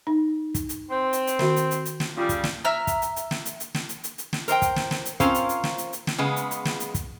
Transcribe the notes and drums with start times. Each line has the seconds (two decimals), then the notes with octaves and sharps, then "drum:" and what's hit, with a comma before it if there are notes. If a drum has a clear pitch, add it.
0.07 D#4
0.55 drum: kick, hi-hat
0.69 drum: hi-hat
0.90 C4
1.13 drum: hi-hat
1.27 drum: hi-hat
1.39 D#3 F#4, drum: snare
1.56 drum: hi-hat
1.71 drum: hi-hat
1.85 drum: hi-hat
2.00 drum: snare
2.18 C#3 G3 F4
2.29 drum: kick, hi-hat
2.44 drum: snare
2.64 E5 A#5 E6 F6
2.87 drum: kick, hi-hat
3.02 drum: hi-hat
3.16 drum: hi-hat
3.31 drum: snare
3.45 drum: hi-hat
3.60 drum: hi-hat
3.74 drum: snare
3.89 drum: hi-hat
4.04 drum: hi-hat
4.18 drum: hi-hat
4.33 drum: snare
4.48 A#4 C5 D#5 G5, drum: hi-hat
4.62 drum: kick, hi-hat
4.76 drum: snare
4.91 drum: snare
5.05 drum: hi-hat
5.20 C4 C#4 F4 A#4 C5 F5, drum: kick, hi-hat
5.34 drum: hi-hat
5.49 drum: hi-hat
5.64 drum: snare
5.78 drum: hi-hat
5.93 drum: hi-hat
6.07 drum: snare
6.18 C#3 G#3 B3
6.36 drum: hi-hat
6.51 drum: hi-hat
6.65 drum: snare
6.80 drum: hi-hat
6.94 drum: kick, hi-hat